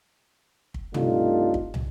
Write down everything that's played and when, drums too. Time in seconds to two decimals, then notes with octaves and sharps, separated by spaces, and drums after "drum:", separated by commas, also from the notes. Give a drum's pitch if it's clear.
0.74 drum: kick
0.94 C2 G2 A3 D4 D#4 F4, drum: tom
1.54 drum: kick
1.74 drum: tom